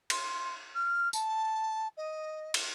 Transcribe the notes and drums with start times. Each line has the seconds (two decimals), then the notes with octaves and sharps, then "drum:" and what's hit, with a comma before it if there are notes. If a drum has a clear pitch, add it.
0.10 C6, drum: cymbal
0.75 F6
1.13 A5, drum: tambourine
1.97 D#5
2.54 drum: cymbal